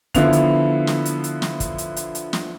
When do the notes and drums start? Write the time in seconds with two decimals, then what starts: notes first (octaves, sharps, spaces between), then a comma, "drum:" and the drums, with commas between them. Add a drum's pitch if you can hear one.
0.14 D3 F3 B3 E4 F5 F7, drum: kick, hi-hat
0.33 drum: hi-hat
0.87 drum: snare
1.05 drum: hi-hat
1.24 drum: hi-hat
1.42 drum: snare
1.60 drum: kick, hi-hat
1.78 drum: hi-hat
1.97 drum: hi-hat
2.15 drum: hi-hat
2.33 drum: snare